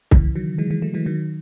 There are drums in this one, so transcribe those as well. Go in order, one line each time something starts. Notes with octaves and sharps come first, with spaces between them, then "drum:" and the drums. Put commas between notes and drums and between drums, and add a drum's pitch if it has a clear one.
C#3 E3, drum: kick C2
D#3 F#3
E3 G#3
E3 G#3
F#3 A3
E3 G#3
D#3 F#3